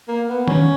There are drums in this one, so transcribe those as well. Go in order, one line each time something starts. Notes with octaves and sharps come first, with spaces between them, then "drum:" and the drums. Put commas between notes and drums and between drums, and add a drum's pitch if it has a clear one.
A#3
B3
C#4, drum: tom